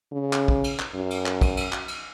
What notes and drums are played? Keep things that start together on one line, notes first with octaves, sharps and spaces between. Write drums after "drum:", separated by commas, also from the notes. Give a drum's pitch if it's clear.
C#3
drum: clap
drum: kick
drum: cymbal
drum: clap
F#2
drum: cymbal
drum: clap
drum: kick, cymbal
drum: cymbal
drum: clap
drum: cymbal